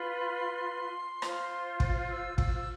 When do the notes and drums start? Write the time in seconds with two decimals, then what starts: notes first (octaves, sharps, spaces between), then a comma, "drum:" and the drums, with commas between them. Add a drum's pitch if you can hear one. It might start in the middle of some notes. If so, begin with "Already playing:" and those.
Already playing: F4 B4 C6
1.22 F4 C5, drum: rim click
1.80 drum: kick
2.09 E6
2.38 E6, drum: kick